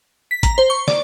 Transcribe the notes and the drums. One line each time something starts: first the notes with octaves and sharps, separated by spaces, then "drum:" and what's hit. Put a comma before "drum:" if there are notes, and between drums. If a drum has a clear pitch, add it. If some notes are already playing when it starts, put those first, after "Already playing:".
B6
A#5, drum: kick A1, hi-hat
C5
C#6
D5, drum: snare